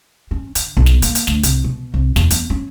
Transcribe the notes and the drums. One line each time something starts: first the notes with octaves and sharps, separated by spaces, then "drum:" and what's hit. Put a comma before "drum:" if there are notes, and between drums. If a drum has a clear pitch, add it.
C#4
D3, drum: hi-hat
B1
drum: snare
A#3, drum: hi-hat
drum: hi-hat
D2, drum: snare
C2, drum: hi-hat
B2
C2
E2, drum: snare
B3, drum: hi-hat
C#4